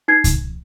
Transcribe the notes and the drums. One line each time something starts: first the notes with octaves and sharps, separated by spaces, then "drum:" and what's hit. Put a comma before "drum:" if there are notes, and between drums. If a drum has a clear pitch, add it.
D#4 G#6 C7
drum: kick C2, hi-hat